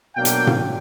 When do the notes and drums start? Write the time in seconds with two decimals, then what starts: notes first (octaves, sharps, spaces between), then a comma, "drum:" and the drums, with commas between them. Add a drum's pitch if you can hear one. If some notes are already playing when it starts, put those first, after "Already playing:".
0.16 B2 F#3 A#3 D4 F5 G5
0.25 drum: hi-hat
0.47 drum: tom A2